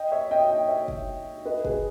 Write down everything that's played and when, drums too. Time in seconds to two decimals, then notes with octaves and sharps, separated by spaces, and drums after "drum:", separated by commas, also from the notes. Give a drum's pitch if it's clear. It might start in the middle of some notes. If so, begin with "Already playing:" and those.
Already playing: D#5 G5
0.12 C#5 E5
0.31 D#5 G5
0.50 D#5 G5
0.69 C#5 E5
0.88 drum: kick
1.46 B4 D#5
1.65 G#4 B4, drum: kick